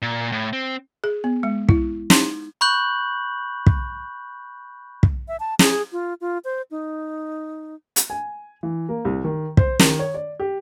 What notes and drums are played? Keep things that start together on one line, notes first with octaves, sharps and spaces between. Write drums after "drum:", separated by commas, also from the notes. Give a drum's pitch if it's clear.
A#2
A2
C4
G#4
B3
G#3
E4, drum: kick
D#4, drum: snare
B5 C#6 F#6 G6 F#7
drum: kick
drum: kick
E5
A5
G#4, drum: snare
F4
F4
C5
D#4
drum: hi-hat
G#5
E3
A#3
C2
D#3
C5, drum: kick
D#3, drum: snare
C#5
D5
G4